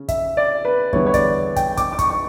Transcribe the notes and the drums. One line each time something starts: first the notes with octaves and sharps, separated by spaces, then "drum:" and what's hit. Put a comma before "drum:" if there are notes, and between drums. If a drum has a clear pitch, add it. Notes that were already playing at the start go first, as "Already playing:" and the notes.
Already playing: C#3 C#4
E5, drum: kick, hi-hat
D5
B4
E2 D3 G3 B3 E4 C#5, drum: kick
C#5
D5, drum: kick, hi-hat
G5, drum: kick, hi-hat
D6, drum: kick, hi-hat
D6
C#6, drum: kick, hi-hat
C#6